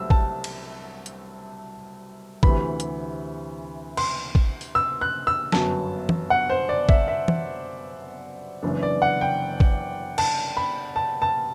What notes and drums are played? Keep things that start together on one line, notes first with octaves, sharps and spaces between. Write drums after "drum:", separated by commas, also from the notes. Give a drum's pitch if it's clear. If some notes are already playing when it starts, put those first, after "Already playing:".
Already playing: C2 C3 F#3 A3 E6
A5, drum: kick A1
drum: cymbal
drum: hi-hat
D2 C3 E3 B5, drum: kick A1
drum: hi-hat
C6, drum: cymbal
drum: kick A1
drum: open hi-hat
E6
F#6
E6
G1 F#2 F#3 B3 A5, drum: snare
drum: tom E3
F#5
C5
D5
E5, drum: kick A1
E5
drum: tom E3
F#1 F#2 E3 B3 D4
D5
F#5
G5
drum: kick A1
A5, drum: cymbal
B5
A5
A5